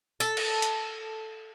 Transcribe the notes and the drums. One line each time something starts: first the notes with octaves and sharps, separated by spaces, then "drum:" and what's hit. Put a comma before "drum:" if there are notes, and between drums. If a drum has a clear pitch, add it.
A4, drum: tambourine
drum: cymbal
drum: hi-hat